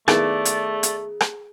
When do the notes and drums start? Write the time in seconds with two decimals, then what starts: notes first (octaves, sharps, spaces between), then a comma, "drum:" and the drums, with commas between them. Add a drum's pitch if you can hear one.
0.08 D#3 A3 B3 E4 G#4 D5, drum: rim click
0.45 drum: hi-hat
0.83 drum: hi-hat
1.21 drum: rim click